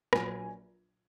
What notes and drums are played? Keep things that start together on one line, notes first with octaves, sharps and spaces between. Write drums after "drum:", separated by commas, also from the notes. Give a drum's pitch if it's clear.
A#1 A#2 F#3 G#5, drum: rim click